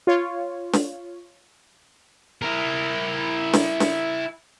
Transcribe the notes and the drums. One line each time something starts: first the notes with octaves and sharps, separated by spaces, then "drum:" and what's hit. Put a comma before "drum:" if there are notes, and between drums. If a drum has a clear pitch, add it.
F4 C#5
drum: snare
E4 A#4
drum: snare
drum: snare